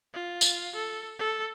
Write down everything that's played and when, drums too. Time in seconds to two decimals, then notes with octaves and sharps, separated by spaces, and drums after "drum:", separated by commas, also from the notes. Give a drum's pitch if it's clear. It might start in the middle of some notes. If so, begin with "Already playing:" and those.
0.14 F4
0.41 drum: tambourine
0.75 A4
1.19 A4